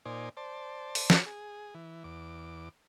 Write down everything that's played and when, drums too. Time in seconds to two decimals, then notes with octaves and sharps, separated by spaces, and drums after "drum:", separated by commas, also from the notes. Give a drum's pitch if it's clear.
0.05 A#2 D#4 C5 D5 G#5
0.37 C5 D5 A5
0.95 drum: open hi-hat
1.10 drum: snare
1.26 G#4
1.74 E3
2.04 E2 D6